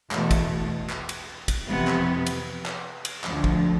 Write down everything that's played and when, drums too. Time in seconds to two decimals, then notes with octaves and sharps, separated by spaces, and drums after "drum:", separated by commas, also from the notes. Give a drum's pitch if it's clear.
0.11 E2 B2 A3, drum: clap
0.31 drum: kick, cymbal
0.89 drum: clap
1.09 drum: cymbal
1.48 drum: kick, cymbal
1.67 F2 C3 E3 B3
1.87 drum: clap
2.26 drum: cymbal
2.66 drum: clap
3.05 drum: cymbal
3.24 D2 D3 F3, drum: clap
3.44 drum: kick